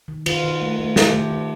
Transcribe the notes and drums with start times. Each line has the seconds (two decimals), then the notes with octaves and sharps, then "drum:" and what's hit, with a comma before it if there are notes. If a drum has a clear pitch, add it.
0.08 D#3
0.26 D#3 F4, drum: cymbal
0.44 D#3
0.62 A3
0.79 A3
0.96 A3 G4, drum: snare
1.13 D#3
1.31 D#3